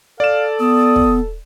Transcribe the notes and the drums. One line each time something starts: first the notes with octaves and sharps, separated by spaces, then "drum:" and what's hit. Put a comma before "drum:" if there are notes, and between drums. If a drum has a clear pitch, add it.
A4 D5 F5 E7
B3 D#6
drum: kick